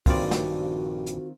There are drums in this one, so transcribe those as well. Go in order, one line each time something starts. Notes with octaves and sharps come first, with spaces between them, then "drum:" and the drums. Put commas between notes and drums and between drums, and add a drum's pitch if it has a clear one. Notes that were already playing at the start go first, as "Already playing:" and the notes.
A#1 G2 D#3 C4 F4 F#4 D5, drum: kick, open hi-hat
drum: snare
drum: hi-hat